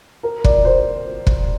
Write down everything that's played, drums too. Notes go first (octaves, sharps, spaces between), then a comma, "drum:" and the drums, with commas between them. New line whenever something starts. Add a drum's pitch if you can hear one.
A#4
D5, drum: kick
C5
drum: kick